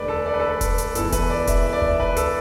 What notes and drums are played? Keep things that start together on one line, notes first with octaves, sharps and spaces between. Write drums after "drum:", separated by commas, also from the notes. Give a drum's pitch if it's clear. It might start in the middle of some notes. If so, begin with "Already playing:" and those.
Already playing: E1 D2 D3 B4 D5
A4
D5
B4
A4
B4
drum: kick E1, hi-hat
drum: hi-hat
E1 E2 E3 A4, drum: hi-hat
B4, drum: kick E1, hi-hat
D5
E5, drum: kick E1, hi-hat
E5
D5
drum: tom C#2
B4, drum: kick E1
A4, drum: hi-hat